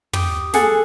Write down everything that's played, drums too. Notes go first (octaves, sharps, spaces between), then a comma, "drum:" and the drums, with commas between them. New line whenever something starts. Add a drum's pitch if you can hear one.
G4 D#6, drum: tom
G#4 A4 F#5 G#5, drum: snare